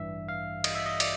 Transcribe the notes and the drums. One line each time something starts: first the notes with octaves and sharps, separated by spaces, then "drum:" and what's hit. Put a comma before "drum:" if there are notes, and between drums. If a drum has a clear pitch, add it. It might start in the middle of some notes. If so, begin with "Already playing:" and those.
Already playing: A1 G2 E3 E5
F5
D#5, drum: cymbal
E5
D#5
D5, drum: cymbal